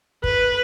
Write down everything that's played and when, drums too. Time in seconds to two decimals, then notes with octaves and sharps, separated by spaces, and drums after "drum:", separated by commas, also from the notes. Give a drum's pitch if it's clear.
0.24 B4, drum: kick